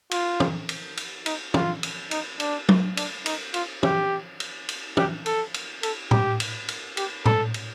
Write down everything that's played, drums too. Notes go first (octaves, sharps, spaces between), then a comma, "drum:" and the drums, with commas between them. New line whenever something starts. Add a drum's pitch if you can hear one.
F4, drum: cymbal
drum: tom
drum: cymbal
drum: cymbal
D#4, drum: cymbal
F4, drum: tom
drum: cymbal
D#4, drum: cymbal
D4, drum: cymbal
drum: tom
D4, drum: cymbal
D#4, drum: cymbal
F4, drum: cymbal
G4, drum: tom
drum: cymbal
drum: cymbal
G4, drum: tom
A4, drum: cymbal
drum: cymbal
A4, drum: cymbal
G4, drum: tom A2
drum: cymbal
drum: cymbal
G4, drum: cymbal
A4, drum: tom A2
drum: cymbal